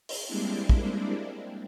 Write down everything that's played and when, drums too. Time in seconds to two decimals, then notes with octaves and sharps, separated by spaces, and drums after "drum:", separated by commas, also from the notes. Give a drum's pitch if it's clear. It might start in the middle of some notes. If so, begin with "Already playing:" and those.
0.09 drum: open hi-hat
0.26 G3 G#3 A#3 C4 D4 E4
0.69 drum: kick